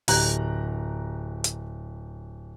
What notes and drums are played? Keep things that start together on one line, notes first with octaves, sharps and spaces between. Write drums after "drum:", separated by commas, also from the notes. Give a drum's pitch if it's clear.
D1 G4 A#5 F#6, drum: open hi-hat
drum: hi-hat